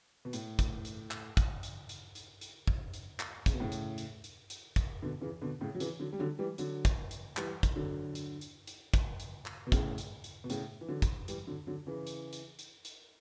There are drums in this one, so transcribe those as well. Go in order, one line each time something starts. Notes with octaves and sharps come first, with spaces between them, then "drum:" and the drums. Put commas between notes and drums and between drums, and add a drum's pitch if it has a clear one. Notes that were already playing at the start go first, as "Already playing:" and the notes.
B2
A2, drum: hi-hat
drum: kick, hi-hat
drum: hi-hat
drum: clap
drum: kick, hi-hat
drum: hi-hat
drum: hi-hat
drum: hi-hat
drum: hi-hat
drum: kick
drum: hi-hat
drum: clap
C#3, drum: kick, hi-hat
B2
A2 C#3
drum: hi-hat
drum: hi-hat
drum: hi-hat
drum: hi-hat
drum: kick, hi-hat
B2 D3
C#3 E3
B2 D3
A2 C#3
F#3
C#3 E3, drum: hi-hat
D3 F#3
G3
D3 F#3
E3 G3
D3 F#3, drum: hi-hat
drum: kick, hi-hat
drum: hi-hat
E3 G3, drum: clap
drum: kick, hi-hat
D3 F#3
drum: hi-hat
drum: hi-hat
drum: hi-hat
drum: kick, hi-hat
drum: hi-hat
drum: clap
B2
A2 C#3, drum: kick, hi-hat
drum: hi-hat
drum: hi-hat
B2
A2 C#3, drum: hi-hat
E3
D3 F#3
drum: kick, hi-hat
E3 G3, drum: hi-hat
D3 F#3
D3 F#3
C#3 E3
drum: hi-hat
drum: hi-hat
drum: hi-hat
drum: hi-hat